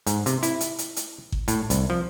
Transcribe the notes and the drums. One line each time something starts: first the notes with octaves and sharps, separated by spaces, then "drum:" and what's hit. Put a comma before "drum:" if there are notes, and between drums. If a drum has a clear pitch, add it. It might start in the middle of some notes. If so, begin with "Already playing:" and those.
G#2, drum: hi-hat
C3, drum: hi-hat
E4, drum: hi-hat
drum: hi-hat
drum: hi-hat
drum: hi-hat
drum: kick G#1
A2, drum: hi-hat
C2, drum: hi-hat
F3